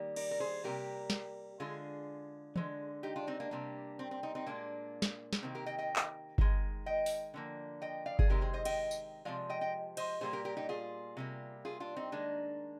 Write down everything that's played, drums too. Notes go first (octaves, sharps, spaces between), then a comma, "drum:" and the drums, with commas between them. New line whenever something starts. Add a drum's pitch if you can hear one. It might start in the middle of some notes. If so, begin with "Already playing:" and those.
Already playing: D#3 G3 A#3
A#4 D5, drum: cymbal
A#4
G#4 C5
C3 G3 A#3 G4 A#4
drum: snare
D3 G#3 F4 G#4
D3 G#3, drum: tom E3
D#4 G4
D4 F4
C4 D#4
A#3 D4
C3 G3 A#3
C4
C4
C4 D#4
C4 D#4
A#2 G#3 A#3 D4
drum: snare
drum: snare
C3 D#3 A#3 C4
G4 A#4
D#5 G5
D#5 G5
drum: clap
D#3 G#3, drum: kick G1
D#5 G5
drum: open hi-hat
D3 F3 A#3
D#5 G5
D5 F5
G#4, drum: kick G1
C3 D#3 G#3 G4 A#4
G#4 C5
C5 D#5
D#5 G5, drum: cymbal
drum: tambourine
C3 F3 G#3 D5 F5
D#5 G5
D#5 G5
C5 D#5, drum: cymbal
A#2 G3 A#3 G#4 C5
G4 A#4
G4 A#4
D#4 G4
F4 G#4
C3 G3 A#3
F4 G#4
D4 F4
C4 D#4
D#3 G#3 A#3 D4